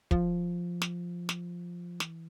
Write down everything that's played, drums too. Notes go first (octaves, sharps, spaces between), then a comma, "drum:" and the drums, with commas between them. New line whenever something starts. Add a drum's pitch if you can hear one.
F3, drum: kick
drum: snare
drum: snare
E3, drum: snare